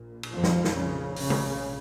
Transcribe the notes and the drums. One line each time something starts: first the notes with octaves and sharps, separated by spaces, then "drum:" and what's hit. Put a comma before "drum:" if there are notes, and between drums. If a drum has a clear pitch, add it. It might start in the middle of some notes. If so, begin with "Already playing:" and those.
Already playing: A#1 A#2
drum: cymbal
F2 F3
drum: snare
drum: snare
C#3
C#3, drum: open hi-hat
drum: tom